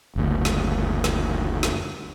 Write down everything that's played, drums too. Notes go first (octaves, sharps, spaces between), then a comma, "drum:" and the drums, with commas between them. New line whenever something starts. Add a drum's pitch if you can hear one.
F#1 D2
drum: snare
drum: snare
drum: snare